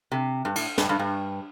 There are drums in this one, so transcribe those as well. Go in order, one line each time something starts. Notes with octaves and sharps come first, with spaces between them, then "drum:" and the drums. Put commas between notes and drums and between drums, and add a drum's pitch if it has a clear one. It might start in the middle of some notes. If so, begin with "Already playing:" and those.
C3
G2
A2, drum: cymbal
G2, drum: snare
G2
G2